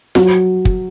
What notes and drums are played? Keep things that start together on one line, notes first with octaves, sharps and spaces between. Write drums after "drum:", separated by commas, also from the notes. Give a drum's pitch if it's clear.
F#3, drum: snare F4
drum: kick